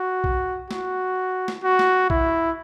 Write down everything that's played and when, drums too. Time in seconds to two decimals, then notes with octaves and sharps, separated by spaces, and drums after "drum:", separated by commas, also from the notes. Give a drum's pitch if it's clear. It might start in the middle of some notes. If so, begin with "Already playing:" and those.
Already playing: F#4
0.24 drum: kick B1
0.71 F#4, drum: snare
1.48 drum: snare
1.64 F#4
1.79 drum: snare
2.10 E4, drum: kick B1